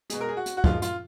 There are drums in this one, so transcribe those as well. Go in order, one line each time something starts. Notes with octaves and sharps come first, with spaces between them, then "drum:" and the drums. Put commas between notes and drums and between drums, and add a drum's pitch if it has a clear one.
B2 G#3 G#4, drum: hi-hat
A#4
G#4
F#4
drum: hi-hat
F#4
F#2 F3 G#3 F4, drum: kick
F4, drum: hi-hat